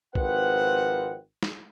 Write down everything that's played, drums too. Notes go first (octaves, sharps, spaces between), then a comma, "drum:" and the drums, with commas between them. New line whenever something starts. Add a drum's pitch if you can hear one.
G#1 F3 C4 B4 F#5, drum: kick B1
drum: snare